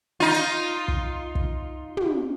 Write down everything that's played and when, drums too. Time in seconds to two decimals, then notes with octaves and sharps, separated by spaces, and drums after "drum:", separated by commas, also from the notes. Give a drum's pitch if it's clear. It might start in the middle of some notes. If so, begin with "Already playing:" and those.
0.20 D#4 F4
0.34 drum: hi-hat
0.88 drum: kick
1.35 drum: kick
1.97 drum: tom